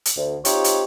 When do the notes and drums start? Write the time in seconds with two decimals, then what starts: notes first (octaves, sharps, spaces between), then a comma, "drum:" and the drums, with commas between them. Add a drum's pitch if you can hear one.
0.05 drum: hi-hat
0.17 D2
0.45 C4 D#4 F4 G4 C5 C#5, drum: hi-hat
0.64 drum: hi-hat